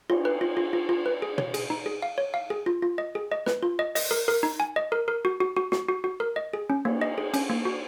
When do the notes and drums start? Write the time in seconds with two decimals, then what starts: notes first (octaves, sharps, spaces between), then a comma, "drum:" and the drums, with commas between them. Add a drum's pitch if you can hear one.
0.10 F4, drum: cymbal
0.25 B4
0.41 F4
0.57 F4
0.73 F4
0.89 F4
1.06 B4
1.22 G#4
1.38 C#5, drum: tom B2
1.54 G#4, drum: cymbal
1.70 D#4
1.86 G#4
2.02 F5
2.18 C#5
2.34 F5
2.50 G#4
2.66 F4
2.82 F4
2.98 D#5
3.15 G#4
3.32 D#5
3.46 B4, drum: snare
3.63 F4
3.79 D#5
3.95 D#5, drum: open hi-hat
4.11 A#4
4.28 A#4
4.43 D#4
4.60 G#5
4.76 D#5
4.92 A#4
5.08 A#4
5.25 F#4
5.40 F#4
5.56 F#4
5.72 F#4, drum: snare
5.89 F#4
6.04 F#4
6.20 A#4
6.36 D#5
6.53 G#4
6.70 C#4
6.85 A#3, drum: cymbal
7.01 D#5
7.18 G#4
7.34 C#4, drum: cymbal
7.50 A#3
7.65 F#4